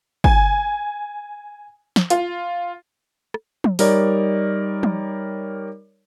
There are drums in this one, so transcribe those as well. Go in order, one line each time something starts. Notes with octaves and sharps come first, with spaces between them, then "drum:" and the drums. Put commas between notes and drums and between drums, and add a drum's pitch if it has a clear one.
G#5, drum: kick
drum: snare
F4, drum: hi-hat
drum: rim click
drum: tom
G3 D#4 A#4 C#5 D5, drum: open hi-hat
drum: tom